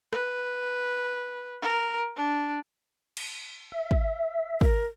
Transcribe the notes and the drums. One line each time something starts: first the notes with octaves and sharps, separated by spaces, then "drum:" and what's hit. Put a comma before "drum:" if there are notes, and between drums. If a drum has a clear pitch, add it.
B4, drum: rim click
A#4
D4
drum: cymbal
E5
drum: kick
A#4, drum: kick